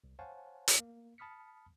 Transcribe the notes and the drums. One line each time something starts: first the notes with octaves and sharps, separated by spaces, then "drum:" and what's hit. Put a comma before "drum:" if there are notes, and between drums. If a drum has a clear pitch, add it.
C2
C5 C#5 F5 F#5 G#5 A5
drum: hi-hat
A#3
A5 B5 D#6 F6 B6 C#7